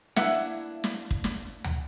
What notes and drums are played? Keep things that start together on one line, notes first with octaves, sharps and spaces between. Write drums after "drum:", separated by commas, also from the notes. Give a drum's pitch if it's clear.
A#3 D4 E4 B4 E5 F#5, drum: snare
drum: snare
drum: kick
drum: snare
drum: tom D2